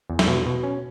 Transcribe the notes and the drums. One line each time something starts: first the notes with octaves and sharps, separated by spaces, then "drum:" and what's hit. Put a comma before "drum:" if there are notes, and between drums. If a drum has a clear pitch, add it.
E2
E5, drum: snare
B2
B2
C#4